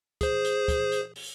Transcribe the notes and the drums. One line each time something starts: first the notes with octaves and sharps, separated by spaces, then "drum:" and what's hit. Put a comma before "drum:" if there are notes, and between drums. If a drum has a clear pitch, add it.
G#4 C5, drum: kick, hi-hat
drum: hi-hat
drum: kick, hi-hat
drum: hi-hat
drum: open hi-hat